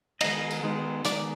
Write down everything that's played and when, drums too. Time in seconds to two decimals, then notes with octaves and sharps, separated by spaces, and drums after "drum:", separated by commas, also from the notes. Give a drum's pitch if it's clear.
0.21 D#3 G#3 B3 D#4 D#5, drum: cymbal
0.51 drum: tambourine
0.63 D#3 G#3 B3 D#4
1.05 D#3 G#3 B3 D#4 D5, drum: hi-hat